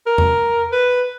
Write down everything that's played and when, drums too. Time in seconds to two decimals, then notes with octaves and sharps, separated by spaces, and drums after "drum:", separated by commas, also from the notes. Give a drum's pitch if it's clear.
0.07 A#4
0.18 drum: tom E2
0.72 B4